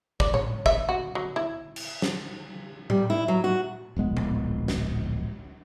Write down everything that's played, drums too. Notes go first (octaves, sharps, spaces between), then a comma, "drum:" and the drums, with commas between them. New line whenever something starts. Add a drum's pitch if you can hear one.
D5, drum: kick
C#5, drum: tom A2
E5, drum: kick
F#4
F#3
E4
drum: cymbal
drum: snare
G3, drum: tom A2
E4
F#3
F#4
D1 A#1 G#3 B3
drum: tom A2
drum: snare